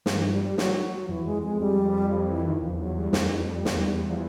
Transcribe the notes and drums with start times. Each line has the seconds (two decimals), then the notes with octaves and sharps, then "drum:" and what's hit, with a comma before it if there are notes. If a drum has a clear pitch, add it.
0.06 G2 E3, drum: snare
0.19 F3
0.32 G3
0.44 G3
0.58 F#3, drum: snare
0.75 F#3
0.91 F#3
1.08 F2 E3
1.18 E2
1.26 F2 G#3
1.42 G#3
1.60 F2 G3
2.10 F3
2.28 E3
2.45 D#3
2.62 E2 F3
2.79 F#3
2.96 G3
3.13 F2, drum: snare
3.65 E2, drum: snare
4.07 F3